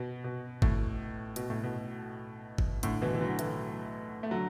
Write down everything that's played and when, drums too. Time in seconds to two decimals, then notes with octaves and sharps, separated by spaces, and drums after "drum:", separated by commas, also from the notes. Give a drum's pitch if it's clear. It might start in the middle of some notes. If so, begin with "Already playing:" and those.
Already playing: B2
0.24 B2
0.62 A2, drum: kick G1
1.36 B2, drum: hi-hat
1.50 A2
1.63 B2
2.58 drum: kick G1
2.83 A2 D3, drum: hi-hat
3.02 B2 E3
3.14 E3
3.21 D3 F#3
3.39 E3 A3, drum: hi-hat
4.23 A3
4.31 D3 F#3